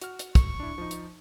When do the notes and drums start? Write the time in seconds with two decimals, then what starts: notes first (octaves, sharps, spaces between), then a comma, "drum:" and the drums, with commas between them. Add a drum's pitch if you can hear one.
0.01 F#4 F6, drum: hi-hat
0.19 drum: hi-hat
0.35 C#6, drum: kick, hi-hat
0.60 D4 E4
0.78 F3 D#4
0.91 drum: hi-hat